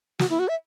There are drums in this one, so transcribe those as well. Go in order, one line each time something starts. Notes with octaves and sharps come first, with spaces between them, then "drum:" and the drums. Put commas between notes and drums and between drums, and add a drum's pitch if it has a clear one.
F#4, drum: snare
E4
F#4
E5